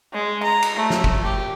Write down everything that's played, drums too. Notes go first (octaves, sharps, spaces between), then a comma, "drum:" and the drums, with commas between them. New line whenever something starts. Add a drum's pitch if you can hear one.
G#3
A#5
drum: cymbal
A3
drum: snare
drum: kick
G4